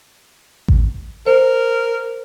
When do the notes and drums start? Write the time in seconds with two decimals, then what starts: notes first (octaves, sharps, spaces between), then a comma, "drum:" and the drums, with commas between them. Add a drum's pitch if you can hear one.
0.68 drum: kick A1
1.26 A#4 C5